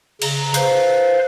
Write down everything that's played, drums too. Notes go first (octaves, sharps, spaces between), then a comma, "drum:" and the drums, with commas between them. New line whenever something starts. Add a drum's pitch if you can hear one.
C#3 A#5, drum: cymbal
B4 C5 F5, drum: hi-hat